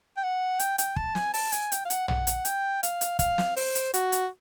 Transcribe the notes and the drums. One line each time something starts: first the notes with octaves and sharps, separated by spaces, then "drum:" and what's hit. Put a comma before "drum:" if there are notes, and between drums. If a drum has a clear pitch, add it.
G5
F#5
G5, drum: hi-hat
G5, drum: hi-hat
A5, drum: kick
G#5, drum: snare
A5, drum: open hi-hat
G#5, drum: hi-hat
G5, drum: hi-hat
F5
F#5, drum: hi-hat
F#5, drum: tom
drum: hi-hat
G5, drum: hi-hat
F5, drum: hi-hat
drum: hi-hat
F5, drum: kick, hi-hat
drum: snare
C5, drum: open hi-hat
drum: hi-hat
F#4, drum: hi-hat
drum: hi-hat